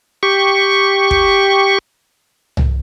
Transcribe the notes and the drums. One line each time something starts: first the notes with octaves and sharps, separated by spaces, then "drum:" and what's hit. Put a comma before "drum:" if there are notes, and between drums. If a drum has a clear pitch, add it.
G4 C#6
drum: kick
drum: tom